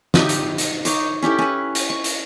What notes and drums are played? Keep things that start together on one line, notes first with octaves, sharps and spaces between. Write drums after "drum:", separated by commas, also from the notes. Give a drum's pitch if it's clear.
D#4 G4 D#5 E5, drum: snare
drum: hi-hat
drum: hi-hat
D#4 C#5 D6, drum: hi-hat
C#4 E4 G4 A4
C#4 B4
drum: hi-hat
C#6
drum: hi-hat